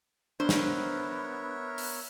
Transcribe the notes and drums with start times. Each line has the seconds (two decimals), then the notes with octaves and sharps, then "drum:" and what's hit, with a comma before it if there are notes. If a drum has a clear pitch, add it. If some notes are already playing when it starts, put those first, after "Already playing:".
0.40 B3 D4 A#4 C5 C#5 E5
0.49 drum: snare
1.78 drum: open hi-hat